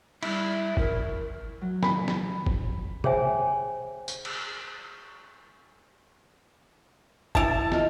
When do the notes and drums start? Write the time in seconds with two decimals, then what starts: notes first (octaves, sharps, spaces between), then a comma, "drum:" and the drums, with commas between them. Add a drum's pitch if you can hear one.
0.23 G3 E4, drum: cymbal
0.77 A#4, drum: kick
1.61 F#3
1.83 B5, drum: snare
2.08 drum: snare
2.46 drum: kick
3.04 G#4 C5 C#5 E5 G5 G#5, drum: tom
4.08 drum: tambourine
4.25 drum: cymbal
7.35 E4 A5 E7 F7, drum: kick
7.72 F4 D#5 F6, drum: snare